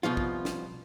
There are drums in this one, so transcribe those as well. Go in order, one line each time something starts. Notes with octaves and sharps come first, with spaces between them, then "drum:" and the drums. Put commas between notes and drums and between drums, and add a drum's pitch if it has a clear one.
C2 B2 F3 F4
drum: kick
drum: snare